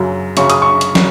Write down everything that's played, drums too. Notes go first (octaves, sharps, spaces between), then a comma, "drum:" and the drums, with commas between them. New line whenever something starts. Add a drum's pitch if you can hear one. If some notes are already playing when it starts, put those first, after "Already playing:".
Already playing: F#2 C#3 F#3
F#2 C#3 F#3 C#6, drum: hi-hat
D#6, drum: hi-hat
C#6
drum: hi-hat
F#3, drum: snare